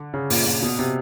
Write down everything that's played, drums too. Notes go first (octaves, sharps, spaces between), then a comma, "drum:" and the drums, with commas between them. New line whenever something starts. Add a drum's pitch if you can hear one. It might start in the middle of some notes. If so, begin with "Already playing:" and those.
Already playing: D3
C#3
A#2, drum: open hi-hat
A#2
B2
C3